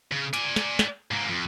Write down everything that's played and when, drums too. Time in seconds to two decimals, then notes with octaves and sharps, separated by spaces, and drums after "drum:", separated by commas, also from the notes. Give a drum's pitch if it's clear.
0.12 C#3
0.34 D5 G#5, drum: hi-hat
0.56 drum: snare
0.79 drum: snare
1.11 G#2 A#3
1.29 F2